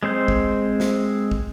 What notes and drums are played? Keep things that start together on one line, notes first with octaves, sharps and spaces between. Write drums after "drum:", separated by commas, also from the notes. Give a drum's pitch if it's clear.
G#3 C4 C5 G6
drum: kick
drum: snare
drum: kick